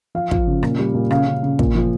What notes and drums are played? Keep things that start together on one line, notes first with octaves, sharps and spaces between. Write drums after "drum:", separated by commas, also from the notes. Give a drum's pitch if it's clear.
F3 F5
F3, drum: kick
C#3
A#2, drum: rim click
G3
A#2
C#3 F5, drum: rim click
C#3
C#3
A#2, drum: kick
F3